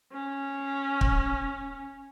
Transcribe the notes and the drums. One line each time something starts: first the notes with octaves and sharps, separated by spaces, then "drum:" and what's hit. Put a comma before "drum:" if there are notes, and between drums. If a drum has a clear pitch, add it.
C#4
drum: kick